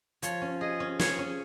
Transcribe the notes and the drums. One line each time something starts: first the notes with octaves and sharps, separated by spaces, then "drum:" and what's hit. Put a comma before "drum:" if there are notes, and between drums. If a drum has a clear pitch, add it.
F3 C#5, drum: hi-hat
C#4
G#4 D#5
C#4
G#4 C#5, drum: snare
C#4